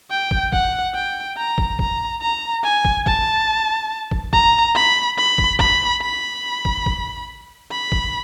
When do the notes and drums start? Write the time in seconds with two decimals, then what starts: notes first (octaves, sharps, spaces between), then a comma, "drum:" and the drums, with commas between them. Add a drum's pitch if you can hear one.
0.10 G5
0.31 drum: kick
0.53 F#5, drum: kick
0.94 G5
1.37 A#5
1.58 drum: kick
1.79 A#5, drum: kick
2.21 A#5
2.64 G#5
2.85 drum: kick
3.06 A5, drum: kick
4.11 drum: kick
4.33 A#5, drum: kick
4.75 B5
5.17 B5
5.38 drum: kick
5.59 B5, drum: kick
6.02 B5
6.65 drum: kick
6.86 drum: kick
7.71 B5
7.92 drum: kick